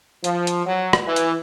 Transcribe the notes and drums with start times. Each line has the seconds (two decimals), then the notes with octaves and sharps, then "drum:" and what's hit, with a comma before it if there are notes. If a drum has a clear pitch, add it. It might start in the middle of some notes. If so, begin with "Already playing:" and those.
0.24 F3, drum: hi-hat
0.47 drum: hi-hat
0.66 F#3
0.93 drum: rim click
1.07 E3
1.16 drum: hi-hat